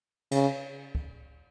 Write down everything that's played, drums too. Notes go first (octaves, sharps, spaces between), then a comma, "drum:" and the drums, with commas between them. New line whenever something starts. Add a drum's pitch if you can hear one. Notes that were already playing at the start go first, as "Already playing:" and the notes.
C#3, drum: cymbal
drum: kick